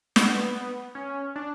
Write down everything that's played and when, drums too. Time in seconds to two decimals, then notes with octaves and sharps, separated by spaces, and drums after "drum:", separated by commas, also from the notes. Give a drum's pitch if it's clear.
0.16 B3, drum: snare
0.95 C#4
1.36 D4